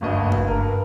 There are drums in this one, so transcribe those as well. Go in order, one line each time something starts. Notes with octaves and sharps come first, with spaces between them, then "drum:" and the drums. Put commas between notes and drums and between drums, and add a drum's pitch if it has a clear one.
F#1 D2 G2 D#5
drum: kick
G2 A#4